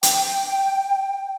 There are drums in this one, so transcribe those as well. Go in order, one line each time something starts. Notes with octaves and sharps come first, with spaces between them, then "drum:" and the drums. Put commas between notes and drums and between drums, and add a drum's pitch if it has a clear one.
G5, drum: hi-hat